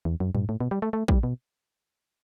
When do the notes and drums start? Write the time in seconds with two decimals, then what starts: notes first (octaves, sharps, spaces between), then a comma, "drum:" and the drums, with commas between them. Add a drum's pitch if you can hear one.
0.05 E2
0.20 F#2
0.35 G2, drum: tom A2
0.49 A2
0.60 B2
0.71 G3
0.82 A3
0.93 A3
1.08 G3, drum: kick
1.23 B2